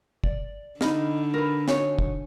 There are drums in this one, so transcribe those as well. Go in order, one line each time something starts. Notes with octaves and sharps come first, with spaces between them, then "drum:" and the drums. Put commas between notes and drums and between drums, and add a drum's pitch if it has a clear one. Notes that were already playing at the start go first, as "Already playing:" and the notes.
D5, drum: kick
D3 D#4 D#5 B5 F6, drum: snare
A#4 B4
D#4 F#4 C#5 G#5, drum: snare
drum: kick